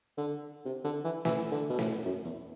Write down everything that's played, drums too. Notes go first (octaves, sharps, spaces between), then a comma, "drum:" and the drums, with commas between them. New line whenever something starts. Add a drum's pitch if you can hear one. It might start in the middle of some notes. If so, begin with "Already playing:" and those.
D3
C3
D3
E3
E3, drum: snare
D3
B2
A2, drum: snare
F#2
E2